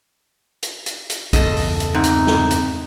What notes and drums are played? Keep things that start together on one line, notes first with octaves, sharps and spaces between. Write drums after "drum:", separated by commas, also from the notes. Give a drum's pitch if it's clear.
drum: hi-hat
drum: hi-hat
drum: hi-hat
E2 G2 C#3 A4 D#5, drum: kick, hi-hat
drum: open hi-hat
drum: hi-hat
G#2 C3 D#4
drum: hi-hat
drum: snare
drum: hi-hat